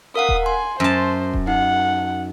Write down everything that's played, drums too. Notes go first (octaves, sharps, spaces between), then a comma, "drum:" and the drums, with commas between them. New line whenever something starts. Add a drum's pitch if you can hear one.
A#4 F5 F#5 D#6
drum: kick D#1
G#5 C6
F#2 C5 A5
drum: kick D#1
D#4 F#5